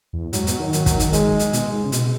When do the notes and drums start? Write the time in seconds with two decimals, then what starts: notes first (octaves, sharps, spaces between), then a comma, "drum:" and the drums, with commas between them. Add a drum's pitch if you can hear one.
0.13 E2
0.33 G#2 F#3, drum: hi-hat
0.47 B2, drum: hi-hat
0.60 D#3
0.73 F#3, drum: hi-hat
0.86 drum: kick, hi-hat
0.99 drum: hi-hat
1.13 G#3, drum: hi-hat
1.39 drum: hi-hat
1.53 B2, drum: hi-hat
1.73 G#2
1.84 C#3
1.92 B2, drum: hi-hat